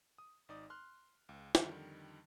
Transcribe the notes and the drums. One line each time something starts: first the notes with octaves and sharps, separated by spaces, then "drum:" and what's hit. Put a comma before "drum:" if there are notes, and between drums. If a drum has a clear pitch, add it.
D#6
G#1 D#4 D5 D#6
C6 F6 F#6
C#2
F2 D3 D#3 G3, drum: snare